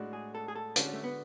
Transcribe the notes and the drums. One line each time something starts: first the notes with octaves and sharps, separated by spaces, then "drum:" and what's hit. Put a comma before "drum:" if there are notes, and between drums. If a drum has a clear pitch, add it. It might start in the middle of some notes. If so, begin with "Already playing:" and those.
Already playing: A2 G#3 D4 F#4
G#4
A4
G#4
A4
D3 G#3 C#4 D4 F#4, drum: hi-hat
A3
B3